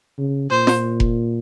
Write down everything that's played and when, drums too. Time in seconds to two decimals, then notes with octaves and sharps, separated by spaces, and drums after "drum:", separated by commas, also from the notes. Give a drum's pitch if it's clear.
0.18 C#3
0.50 A#2 C5
0.67 drum: snare
1.00 drum: kick F1